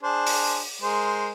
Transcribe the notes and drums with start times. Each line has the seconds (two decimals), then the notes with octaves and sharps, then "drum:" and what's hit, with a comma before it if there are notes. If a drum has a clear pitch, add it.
0.03 D4 G#4 C5
0.27 drum: open hi-hat
0.82 G#3 A#4 C5